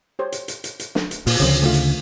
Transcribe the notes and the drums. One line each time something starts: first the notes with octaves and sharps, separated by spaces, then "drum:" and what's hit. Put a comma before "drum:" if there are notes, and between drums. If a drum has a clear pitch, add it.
G4 C5 C#5
drum: hi-hat
drum: hi-hat
drum: hi-hat
drum: hi-hat
drum: snare
drum: hi-hat
A#2 F4, drum: open hi-hat
D2 C#3 F3 C4 C#5, drum: hi-hat
A3 F4
drum: hi-hat